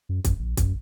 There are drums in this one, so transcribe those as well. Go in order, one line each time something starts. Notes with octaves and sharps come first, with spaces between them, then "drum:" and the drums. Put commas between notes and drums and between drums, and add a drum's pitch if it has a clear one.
F#2
F#2, drum: kick, hi-hat
A#1
F#2, drum: kick, hi-hat